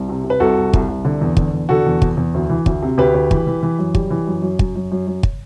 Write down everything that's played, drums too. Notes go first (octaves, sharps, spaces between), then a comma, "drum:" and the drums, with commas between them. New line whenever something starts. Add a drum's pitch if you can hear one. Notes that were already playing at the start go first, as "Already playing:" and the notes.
Already playing: C2
C3
C3
B4
C2 F#4 A4
C2
C2, drum: kick
C2
D3
E2
D3, drum: kick
E2
D3 F#4 A4
E2
E2, drum: kick
E2
D2
E3
D2, drum: kick
C3
D2 G4 B4
D2
E3, drum: kick
E3
E3
F#2
G3, drum: kick
E3
F#2
F#2
F#2, drum: kick
F#2
F#2
F#2
drum: kick